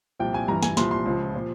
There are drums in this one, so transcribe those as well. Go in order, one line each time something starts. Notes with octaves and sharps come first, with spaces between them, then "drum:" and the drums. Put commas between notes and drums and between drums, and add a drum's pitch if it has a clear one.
C2 A#2 F3 G5
G#5
G2 E3 A#5
G#5, drum: snare
C2 A#2 F3 C6, drum: snare
C6
C#2 C#3 F3
A#2 F3